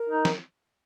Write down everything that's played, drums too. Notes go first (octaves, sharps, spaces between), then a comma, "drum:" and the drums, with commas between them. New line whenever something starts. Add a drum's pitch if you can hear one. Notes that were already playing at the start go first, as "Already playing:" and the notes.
Already playing: A#4
D#4
drum: snare